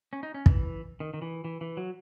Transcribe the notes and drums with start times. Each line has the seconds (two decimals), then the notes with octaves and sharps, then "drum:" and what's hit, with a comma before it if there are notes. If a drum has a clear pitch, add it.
0.13 C#4
0.23 D#4
0.34 C#4
0.46 E3, drum: kick
1.00 D#3
1.14 D#3
1.22 E3
1.45 E3
1.61 E3
1.77 F#3